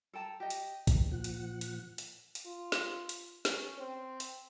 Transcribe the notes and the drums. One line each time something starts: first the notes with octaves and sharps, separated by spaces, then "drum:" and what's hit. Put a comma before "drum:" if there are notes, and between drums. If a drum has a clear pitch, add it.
A4 G5 A5 A#5
G4 D#5
drum: hi-hat
drum: kick, hi-hat
A#2 F3 F#5
drum: hi-hat
drum: hi-hat
drum: hi-hat
drum: hi-hat
F4
drum: snare
drum: hi-hat
C#4, drum: snare
C4
drum: hi-hat